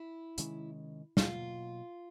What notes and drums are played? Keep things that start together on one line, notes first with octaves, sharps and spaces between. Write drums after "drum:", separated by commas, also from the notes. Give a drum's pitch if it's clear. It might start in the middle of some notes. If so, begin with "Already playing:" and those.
Already playing: E4
C3 D#3 G#3 C#4, drum: hi-hat
B2 F#3 A#3 F4, drum: snare